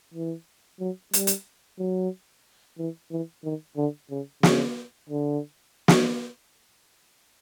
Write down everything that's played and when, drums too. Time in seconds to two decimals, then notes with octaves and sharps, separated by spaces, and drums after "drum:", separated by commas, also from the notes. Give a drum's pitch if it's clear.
0.14 E3
0.80 F#3
1.13 G3, drum: hi-hat
1.27 drum: hi-hat
1.79 F#3
2.78 E3
3.11 E3
3.44 D#3
3.77 D3
4.11 C#3
4.43 C#3, drum: snare
5.09 D3
5.88 drum: snare